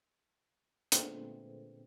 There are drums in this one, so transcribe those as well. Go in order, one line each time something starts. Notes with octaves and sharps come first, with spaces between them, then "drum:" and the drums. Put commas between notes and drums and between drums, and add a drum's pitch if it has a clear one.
A#2 D3 G#3 A3 B3 C4, drum: hi-hat